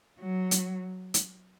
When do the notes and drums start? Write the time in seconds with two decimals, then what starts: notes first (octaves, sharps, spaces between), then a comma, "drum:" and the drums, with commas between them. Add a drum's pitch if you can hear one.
0.20 F#3
0.51 drum: hi-hat
1.14 drum: hi-hat